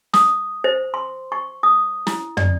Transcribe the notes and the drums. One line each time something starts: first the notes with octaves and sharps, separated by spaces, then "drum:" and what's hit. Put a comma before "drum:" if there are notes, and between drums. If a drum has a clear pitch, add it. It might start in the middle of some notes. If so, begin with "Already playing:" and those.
D#6, drum: snare
C5
C6
C#6
D#6
E4, drum: snare
D5, drum: tom